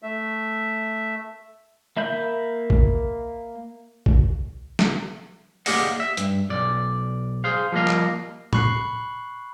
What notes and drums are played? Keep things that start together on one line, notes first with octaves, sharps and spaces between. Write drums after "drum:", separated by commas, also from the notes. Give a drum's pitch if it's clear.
A3 E5
A#3 E5 B5 G6
drum: kick A1
drum: kick A1
drum: snare
A#3 G4 G#4 D5 D#5 F#5, drum: open hi-hat
E5
G2, drum: hi-hat
B1 D5
G#4 C5 F5
F3 G3 A#3 D#5 F5
drum: clap
B5 C#6 F#6 C7, drum: tom